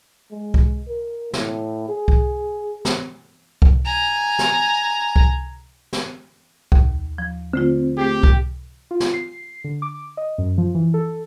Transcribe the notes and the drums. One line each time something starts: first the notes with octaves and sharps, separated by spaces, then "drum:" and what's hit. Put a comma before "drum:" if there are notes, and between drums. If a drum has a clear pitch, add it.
G#3
drum: kick C2
A#4
A2, drum: snare
G#4
drum: kick C2
drum: snare
drum: kick C2
G#5 A#5
drum: snare
drum: kick C2
drum: snare
D#2, drum: kick C2
F3
D3 A3 C4 F4
A3 G4 G#4
drum: kick C2
F4
drum: snare
C7
D3
D6
D#5
F#2
F3
E3
A4